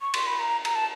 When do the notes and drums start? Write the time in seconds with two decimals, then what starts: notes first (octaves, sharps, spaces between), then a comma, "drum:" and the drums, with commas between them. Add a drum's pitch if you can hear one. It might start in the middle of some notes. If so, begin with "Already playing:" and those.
0.01 C#6
0.14 C6, drum: cymbal
0.27 B5
0.39 A#5
0.65 A#5, drum: cymbal
0.75 A5